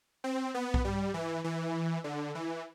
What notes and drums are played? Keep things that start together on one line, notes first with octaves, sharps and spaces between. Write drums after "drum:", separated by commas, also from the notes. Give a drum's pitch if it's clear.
C4
B3
drum: kick B1
G3
E3
E3
D3
E3